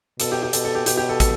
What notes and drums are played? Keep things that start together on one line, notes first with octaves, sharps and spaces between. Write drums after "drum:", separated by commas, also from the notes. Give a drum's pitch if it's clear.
B2 A4, drum: hi-hat
G4
G4
B2 A4, drum: hi-hat
A4
G4
B2 G4, drum: hi-hat
G4
A4
A4, drum: kick, hi-hat